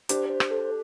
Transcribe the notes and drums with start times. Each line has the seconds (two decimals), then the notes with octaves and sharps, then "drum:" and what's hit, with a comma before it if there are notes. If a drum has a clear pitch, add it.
0.09 D4 G4 C5, drum: hi-hat
0.29 C5
0.40 drum: rim click
0.51 A4